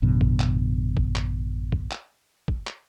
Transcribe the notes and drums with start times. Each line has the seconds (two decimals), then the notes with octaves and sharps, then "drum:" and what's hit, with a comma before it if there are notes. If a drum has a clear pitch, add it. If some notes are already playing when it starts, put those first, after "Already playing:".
0.02 A1 F#2 B2 D3
0.21 drum: kick
0.40 drum: clap
0.97 drum: kick
1.16 drum: clap
1.72 drum: kick
1.91 drum: clap
2.48 drum: kick
2.67 drum: clap